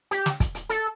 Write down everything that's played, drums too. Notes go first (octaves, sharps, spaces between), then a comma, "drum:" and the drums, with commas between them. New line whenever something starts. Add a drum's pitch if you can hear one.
G4, drum: hi-hat
drum: snare
drum: kick, hi-hat
drum: hi-hat
A4, drum: hi-hat